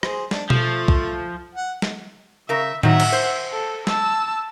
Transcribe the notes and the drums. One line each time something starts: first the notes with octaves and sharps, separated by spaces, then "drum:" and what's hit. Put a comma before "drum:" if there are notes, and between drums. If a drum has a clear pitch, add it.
G#4 C5, drum: rim click
D4, drum: snare
F3 A3, drum: tom B2
drum: kick
F#5
drum: snare
C#3 A#4 E5
D#3 F#3 E5 F#5, drum: tom A2
drum: cymbal
C5
A4
A5 E6, drum: snare